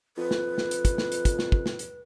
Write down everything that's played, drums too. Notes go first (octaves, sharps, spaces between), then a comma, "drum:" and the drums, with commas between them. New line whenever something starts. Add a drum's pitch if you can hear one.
F2 B4
drum: snare
drum: snare
drum: hi-hat
drum: kick, hi-hat
drum: snare
drum: hi-hat
drum: kick, hi-hat
drum: snare
drum: kick
drum: snare
drum: hi-hat